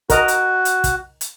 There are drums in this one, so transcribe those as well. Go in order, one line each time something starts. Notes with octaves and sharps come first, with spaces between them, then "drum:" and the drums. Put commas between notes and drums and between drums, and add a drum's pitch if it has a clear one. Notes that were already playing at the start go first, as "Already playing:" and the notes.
F#4 A#4 D#5, drum: kick, hi-hat
drum: hi-hat
drum: hi-hat
drum: kick, hi-hat
drum: hi-hat